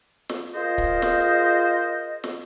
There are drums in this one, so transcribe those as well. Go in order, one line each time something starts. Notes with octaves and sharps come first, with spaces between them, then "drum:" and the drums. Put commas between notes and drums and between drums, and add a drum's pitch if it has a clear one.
drum: snare
F4 G#4 A#4 C5 D#5
drum: kick
drum: snare
drum: snare